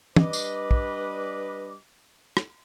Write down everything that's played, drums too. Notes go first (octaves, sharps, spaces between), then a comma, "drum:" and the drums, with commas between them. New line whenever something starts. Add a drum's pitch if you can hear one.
G3 D4 B4 D#5 D6, drum: tom
drum: tambourine
drum: kick
drum: rim click